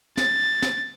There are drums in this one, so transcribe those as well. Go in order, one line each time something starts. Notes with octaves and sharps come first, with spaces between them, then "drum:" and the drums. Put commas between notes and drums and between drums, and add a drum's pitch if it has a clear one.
A6, drum: snare
drum: snare